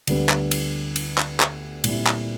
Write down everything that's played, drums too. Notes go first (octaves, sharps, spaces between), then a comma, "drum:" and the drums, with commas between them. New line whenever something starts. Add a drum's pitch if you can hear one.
D2 D3 G3 B3, drum: cymbal
drum: clap
drum: cymbal
drum: cymbal
drum: clap
drum: clap
A#2 G3 C4 E4, drum: cymbal
drum: clap